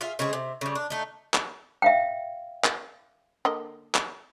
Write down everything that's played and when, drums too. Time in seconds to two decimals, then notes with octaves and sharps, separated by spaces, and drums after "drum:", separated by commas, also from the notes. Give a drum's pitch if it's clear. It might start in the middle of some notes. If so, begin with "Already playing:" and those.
0.01 F4 G#4 E5 F5
0.19 C#3 G#3 C4 G#4
0.33 C3
0.61 C#3 G3
0.75 D4
0.90 A3 D#4
1.34 drum: clap
1.82 E5 F5 G5
2.64 drum: clap
3.45 D3 A#3 D#5
3.95 drum: clap